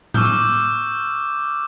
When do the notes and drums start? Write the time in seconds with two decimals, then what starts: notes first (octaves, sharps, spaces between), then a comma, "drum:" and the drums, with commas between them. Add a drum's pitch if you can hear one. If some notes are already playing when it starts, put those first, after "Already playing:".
0.14 C#6 D6 E6 F6 G6, drum: tom A2